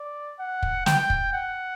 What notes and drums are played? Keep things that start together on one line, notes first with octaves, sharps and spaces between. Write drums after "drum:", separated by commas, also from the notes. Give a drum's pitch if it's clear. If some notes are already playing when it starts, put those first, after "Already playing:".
Already playing: D5
F#5
drum: kick
G5, drum: snare
drum: kick
F#5